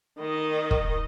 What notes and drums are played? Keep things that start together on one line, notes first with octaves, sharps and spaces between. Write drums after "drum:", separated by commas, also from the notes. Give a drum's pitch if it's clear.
D#3 D#5
drum: kick